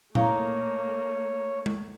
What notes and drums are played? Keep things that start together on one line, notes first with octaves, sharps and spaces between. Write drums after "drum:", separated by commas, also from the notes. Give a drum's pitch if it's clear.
A3 A#3 D#4 E4 C#5 F5, drum: tom A#2
drum: tom G#3